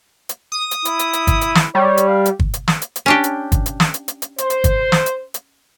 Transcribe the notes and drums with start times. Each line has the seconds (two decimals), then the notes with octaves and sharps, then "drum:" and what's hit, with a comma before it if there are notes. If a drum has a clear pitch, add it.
0.29 drum: hi-hat
0.52 D#6
0.71 drum: hi-hat
0.85 E4, drum: hi-hat
0.99 drum: hi-hat
1.13 drum: hi-hat
1.27 drum: kick G1, hi-hat
1.41 drum: hi-hat
1.55 drum: snare
1.75 G3 C#5
1.97 drum: hi-hat
2.08 F5
2.25 drum: hi-hat
2.40 drum: kick G1
2.54 drum: hi-hat
2.68 drum: snare
2.82 drum: hi-hat
2.96 drum: hi-hat
3.06 C#4 D4 G4
3.24 drum: hi-hat
3.52 drum: kick G1, hi-hat
3.66 drum: hi-hat
3.80 drum: snare
3.94 drum: hi-hat
4.08 drum: hi-hat
4.22 drum: hi-hat
4.38 C5, drum: hi-hat
4.50 drum: hi-hat
4.64 drum: kick G1, hi-hat
4.92 drum: snare
5.06 drum: hi-hat
5.34 drum: hi-hat